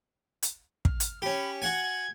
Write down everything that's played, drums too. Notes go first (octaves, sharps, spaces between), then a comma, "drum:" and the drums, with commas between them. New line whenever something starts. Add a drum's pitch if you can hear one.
drum: hi-hat
F6, drum: kick
drum: hi-hat
C#4 G4 B5
F#4 F#5 G#5 G#6